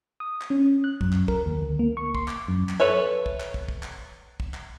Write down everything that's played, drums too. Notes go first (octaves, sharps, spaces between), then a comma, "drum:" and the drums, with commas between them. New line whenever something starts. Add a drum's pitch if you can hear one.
D#6
drum: clap
C#4
F#6
F#2, drum: kick
drum: clap
A#4, drum: kick
D#2
D2
A#3
C#6
C6, drum: kick
D6, drum: clap
F#2
drum: clap
A4 B4 C#5 E5
drum: kick
drum: clap
drum: kick
drum: kick
drum: clap
drum: kick
drum: clap